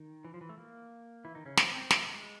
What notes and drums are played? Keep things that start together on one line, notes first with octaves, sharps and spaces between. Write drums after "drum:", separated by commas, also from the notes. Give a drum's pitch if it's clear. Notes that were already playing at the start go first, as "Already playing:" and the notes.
Already playing: D#3
E3
F3
E3
A3
A#3
E3 E4
D#3 D#4
C#3 C#4
C4, drum: snare
C4
A3, drum: snare
G#3